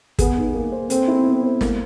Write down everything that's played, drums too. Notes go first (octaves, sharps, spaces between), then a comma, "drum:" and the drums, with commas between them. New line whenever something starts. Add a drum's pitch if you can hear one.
B3 G#4, drum: kick, hi-hat
D#4
A#3
C5
C4 A4, drum: hi-hat
E4
B3
C5
A#3, drum: snare